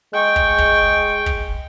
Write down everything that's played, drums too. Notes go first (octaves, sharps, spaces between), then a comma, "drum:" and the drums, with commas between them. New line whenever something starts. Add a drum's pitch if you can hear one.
G#3 G5 C#6
drum: kick
drum: kick
drum: kick